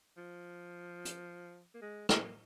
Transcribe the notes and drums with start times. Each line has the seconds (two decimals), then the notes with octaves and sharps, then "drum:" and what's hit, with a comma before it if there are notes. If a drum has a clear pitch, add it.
0.17 F3
1.05 drum: hi-hat
1.74 A#3
1.82 G#3
2.09 A#3, drum: rim click